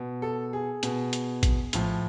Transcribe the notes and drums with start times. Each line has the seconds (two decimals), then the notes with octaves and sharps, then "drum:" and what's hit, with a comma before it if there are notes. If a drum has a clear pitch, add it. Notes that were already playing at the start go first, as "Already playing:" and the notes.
Already playing: B2
0.22 A4
0.53 G#4
0.83 B2, drum: hi-hat
1.13 drum: hi-hat
1.43 drum: kick A1, hi-hat
1.73 A2 F3, drum: hi-hat